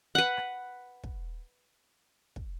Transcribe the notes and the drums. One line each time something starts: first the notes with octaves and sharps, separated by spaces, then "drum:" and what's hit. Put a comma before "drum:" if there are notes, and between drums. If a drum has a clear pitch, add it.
B4 F#5
drum: rim click
drum: kick
drum: kick